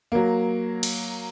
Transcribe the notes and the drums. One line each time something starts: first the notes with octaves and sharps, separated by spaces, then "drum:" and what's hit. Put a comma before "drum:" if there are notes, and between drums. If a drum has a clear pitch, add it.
F#3 A#3
drum: cymbal